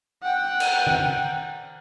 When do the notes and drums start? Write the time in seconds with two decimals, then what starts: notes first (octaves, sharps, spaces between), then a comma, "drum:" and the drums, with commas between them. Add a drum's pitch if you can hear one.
0.23 F#5 G5
0.60 drum: cymbal
0.87 drum: tom D#3